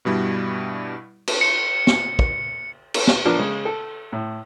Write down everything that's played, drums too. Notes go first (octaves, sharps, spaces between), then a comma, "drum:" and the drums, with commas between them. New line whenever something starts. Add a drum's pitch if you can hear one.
G2 B2 G3 E4
drum: cymbal
C#7
drum: snare
drum: kick
drum: cymbal
drum: snare
F3 B3 D4 A#4
C#3 G#3
A4
A2